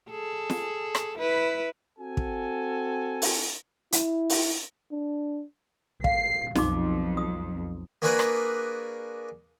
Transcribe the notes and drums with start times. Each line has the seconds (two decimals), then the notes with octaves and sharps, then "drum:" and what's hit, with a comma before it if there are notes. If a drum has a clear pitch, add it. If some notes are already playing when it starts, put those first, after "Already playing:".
0.10 G#4 A4
0.50 drum: snare
0.95 drum: rim click
1.18 E4 B4
1.98 C4 F#4 A4 G#5
2.17 drum: kick
3.22 drum: open hi-hat
3.92 E4, drum: hi-hat
4.30 drum: open hi-hat
4.92 D4
6.04 F5 C7, drum: kick
6.55 B1 F2 D#4 F#4 D6, drum: snare
7.17 D#6
8.02 A#3 D4 F#4 G#4 A#4 B4
8.19 drum: rim click